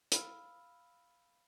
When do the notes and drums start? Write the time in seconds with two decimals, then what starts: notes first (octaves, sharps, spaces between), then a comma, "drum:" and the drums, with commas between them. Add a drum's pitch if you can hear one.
0.12 F5 B5 E6 F6, drum: hi-hat